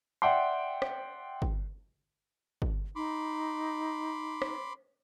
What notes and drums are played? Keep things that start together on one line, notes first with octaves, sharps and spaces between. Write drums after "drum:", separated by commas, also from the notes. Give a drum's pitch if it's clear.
D5 E5 F#5 G5 C6
drum: rim click
drum: kick
drum: kick
D#4 B5 C6 D6
drum: rim click